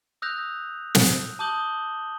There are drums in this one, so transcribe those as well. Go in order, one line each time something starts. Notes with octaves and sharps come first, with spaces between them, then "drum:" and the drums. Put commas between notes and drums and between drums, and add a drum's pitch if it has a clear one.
D#6 E6 F#6 G6 A#6 F7
drum: snare
A5 D6 D#6 G6 F#7 G7